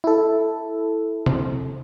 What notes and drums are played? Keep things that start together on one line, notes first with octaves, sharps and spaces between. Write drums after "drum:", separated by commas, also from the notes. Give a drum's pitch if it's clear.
E4 A4
drum: tom C3